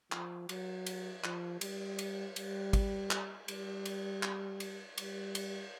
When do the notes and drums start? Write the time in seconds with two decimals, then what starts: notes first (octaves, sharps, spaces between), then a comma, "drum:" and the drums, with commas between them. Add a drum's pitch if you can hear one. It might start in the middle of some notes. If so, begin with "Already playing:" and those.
0.12 F3, drum: clap
0.49 F#3, drum: cymbal
0.86 drum: cymbal
1.24 F3, drum: clap
1.61 G3, drum: cymbal
1.99 drum: cymbal
2.36 G3, drum: cymbal
2.73 drum: kick, cymbal
3.11 drum: clap
3.48 G3, drum: cymbal
3.85 drum: cymbal
4.23 drum: clap
4.60 drum: cymbal
4.98 G3, drum: cymbal
5.35 drum: cymbal